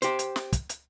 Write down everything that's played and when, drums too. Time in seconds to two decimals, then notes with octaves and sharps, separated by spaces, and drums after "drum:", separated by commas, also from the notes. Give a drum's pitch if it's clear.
0.02 G4 C5, drum: hi-hat
0.19 drum: hi-hat
0.36 drum: snare
0.52 drum: kick, hi-hat
0.69 drum: hi-hat